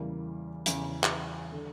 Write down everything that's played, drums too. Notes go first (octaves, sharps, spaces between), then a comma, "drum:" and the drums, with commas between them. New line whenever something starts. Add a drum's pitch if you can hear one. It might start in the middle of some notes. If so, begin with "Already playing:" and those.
Already playing: E2 C#3 E3 G3 A#3
E2 C#3 E3, drum: hi-hat
drum: clap
D3